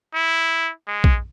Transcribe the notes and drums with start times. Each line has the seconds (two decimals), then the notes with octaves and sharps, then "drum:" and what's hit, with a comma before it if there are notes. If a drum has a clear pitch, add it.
0.14 E4
0.87 G#3
1.04 drum: kick A#1